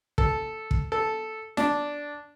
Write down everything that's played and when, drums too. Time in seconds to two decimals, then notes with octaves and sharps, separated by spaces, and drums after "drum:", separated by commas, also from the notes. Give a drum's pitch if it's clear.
0.18 A4, drum: kick
0.71 drum: kick
0.92 A4
1.57 D4, drum: snare